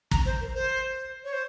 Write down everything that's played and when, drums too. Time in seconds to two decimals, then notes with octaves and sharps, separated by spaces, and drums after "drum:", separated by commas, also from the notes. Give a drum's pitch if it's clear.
0.11 A#5, drum: kick
0.26 C5
0.41 A#4
0.54 C5
1.24 C#5
1.33 C5